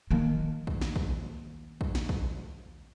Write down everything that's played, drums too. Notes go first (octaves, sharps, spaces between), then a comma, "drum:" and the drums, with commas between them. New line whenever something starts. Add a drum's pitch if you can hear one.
D#3 A#3
drum: kick
drum: snare
drum: kick
drum: kick
drum: snare
drum: kick